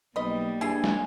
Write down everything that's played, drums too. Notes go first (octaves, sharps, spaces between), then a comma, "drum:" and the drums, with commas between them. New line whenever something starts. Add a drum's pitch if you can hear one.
B1 G3 A#3 B4 D#5
G2 E4 G#4 G#5
drum: snare